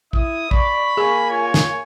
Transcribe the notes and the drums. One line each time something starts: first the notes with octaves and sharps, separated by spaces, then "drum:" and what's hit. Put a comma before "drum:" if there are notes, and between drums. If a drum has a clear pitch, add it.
E4 D#6, drum: kick
D5 B5 C#6, drum: kick
A#3 G#4 G#5
F4 C#5
drum: snare